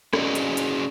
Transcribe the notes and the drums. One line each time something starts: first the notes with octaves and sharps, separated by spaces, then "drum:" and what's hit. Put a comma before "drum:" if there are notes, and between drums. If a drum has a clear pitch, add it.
C#4 F#4 G#4 D5 D#5, drum: rim click
drum: hi-hat
drum: hi-hat